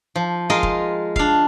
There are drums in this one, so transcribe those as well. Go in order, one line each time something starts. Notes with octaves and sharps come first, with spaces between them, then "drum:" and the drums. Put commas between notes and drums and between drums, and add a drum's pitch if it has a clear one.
F3
G#3 F4 A#4 D#5
drum: kick
D4 F5, drum: kick